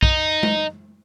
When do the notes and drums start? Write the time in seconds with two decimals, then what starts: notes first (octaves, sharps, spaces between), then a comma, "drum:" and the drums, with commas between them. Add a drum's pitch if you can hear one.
0.03 D#4, drum: kick
0.43 drum: tom G#3